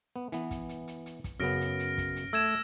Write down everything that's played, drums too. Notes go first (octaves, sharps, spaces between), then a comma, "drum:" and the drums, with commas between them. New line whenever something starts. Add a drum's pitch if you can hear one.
B3
E3 B3, drum: hi-hat
drum: kick, hi-hat
drum: hi-hat
drum: hi-hat
drum: hi-hat
drum: kick, hi-hat
F#2 C#3 B3 F6 A#6 D7
drum: hi-hat
drum: hi-hat
drum: kick, hi-hat
drum: hi-hat
A3 E6 G#6 E7, drum: hi-hat